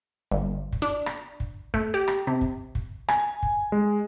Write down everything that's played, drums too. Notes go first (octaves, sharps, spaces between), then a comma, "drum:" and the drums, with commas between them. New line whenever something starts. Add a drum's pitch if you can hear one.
G1
drum: kick
D4
drum: rim click
drum: kick
A3, drum: kick
G4
drum: rim click
C3
drum: kick
drum: kick
G#5, drum: rim click
drum: kick
G#3